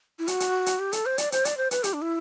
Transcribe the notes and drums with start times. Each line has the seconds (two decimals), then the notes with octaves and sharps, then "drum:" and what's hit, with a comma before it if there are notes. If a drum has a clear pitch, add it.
0.19 E4
0.28 F#4, drum: hi-hat
0.40 drum: hi-hat
0.66 drum: hi-hat
0.79 G4
0.92 A4, drum: hi-hat
1.06 C5
1.18 D5, drum: hi-hat
1.32 C5, drum: hi-hat
1.45 D5, drum: hi-hat
1.57 C5
1.71 B4, drum: hi-hat
1.84 G4, drum: hi-hat
1.93 D4
2.02 E4